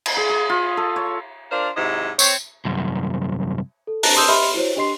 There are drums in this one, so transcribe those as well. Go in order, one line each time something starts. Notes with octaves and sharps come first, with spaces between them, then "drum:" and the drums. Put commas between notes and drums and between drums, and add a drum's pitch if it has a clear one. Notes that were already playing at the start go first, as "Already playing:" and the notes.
drum: cymbal
G#4
G#4
F4
A4
C#5
D4 F4 A#4 C5 D5
G#2 C3 F#3 E4 D#5
C4 C#5, drum: tambourine
C2 F#2
A4
A5 A#5 F#6 A6 A#6, drum: open hi-hat
A5 C6 D#6 E6 G6 E7
G4 D#5 E5 B5 C6 F6
E4 F#4 C5 C#5
D4 G4 D#5 C6 C7